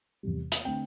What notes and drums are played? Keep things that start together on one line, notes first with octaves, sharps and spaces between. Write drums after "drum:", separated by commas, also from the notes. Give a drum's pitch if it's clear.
E2 C3 G3
drum: hi-hat
D3 A3 C4 G5